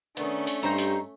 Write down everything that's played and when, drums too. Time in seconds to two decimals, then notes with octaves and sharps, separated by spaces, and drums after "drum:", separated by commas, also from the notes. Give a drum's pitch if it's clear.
0.17 D#3 A3 B3 C#4 D4, drum: hi-hat
0.47 drum: open hi-hat
0.63 G2 D#4 G4 C5 A#5
0.78 drum: open hi-hat